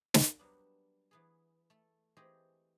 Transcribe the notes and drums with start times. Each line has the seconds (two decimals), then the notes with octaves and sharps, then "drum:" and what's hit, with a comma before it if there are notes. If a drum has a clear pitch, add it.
0.14 drum: snare
0.39 F#3 G3 A#3 B3 D4
1.11 E3 B3 G#4
1.70 A3 A4
2.17 E3 A3 C4 G4 G#4 D#5